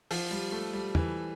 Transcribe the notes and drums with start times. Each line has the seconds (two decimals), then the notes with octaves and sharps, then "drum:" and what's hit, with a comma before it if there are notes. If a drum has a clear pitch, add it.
0.11 F3, drum: open hi-hat
0.31 G3
0.52 A3
0.73 G3
0.95 E3, drum: tom